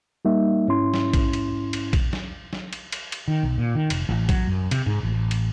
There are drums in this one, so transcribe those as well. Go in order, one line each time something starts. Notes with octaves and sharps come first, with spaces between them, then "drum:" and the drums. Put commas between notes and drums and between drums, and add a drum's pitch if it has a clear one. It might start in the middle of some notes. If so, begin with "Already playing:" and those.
G3 A#3 D#4 E5
G#2 C#4 E4 C6
drum: snare
drum: kick A#1, cymbal
drum: cymbal
drum: cymbal
drum: kick A#1, cymbal
drum: snare
drum: snare
drum: cymbal
drum: cymbal
drum: cymbal
D#3
B1
A#2
D#3
F1, drum: cymbal
A1
F#3, drum: kick A#1, cymbal
F#2
C3, drum: cymbal
G#2
A1
drum: cymbal